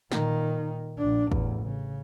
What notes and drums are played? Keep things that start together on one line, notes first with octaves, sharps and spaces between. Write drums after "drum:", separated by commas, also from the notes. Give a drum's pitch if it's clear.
A#2 D#3, drum: snare
A#1 D4
A1 E2, drum: kick
C#3